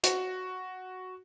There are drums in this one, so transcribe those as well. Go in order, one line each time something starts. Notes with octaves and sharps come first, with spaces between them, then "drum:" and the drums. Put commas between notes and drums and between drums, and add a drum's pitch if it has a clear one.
F#4, drum: hi-hat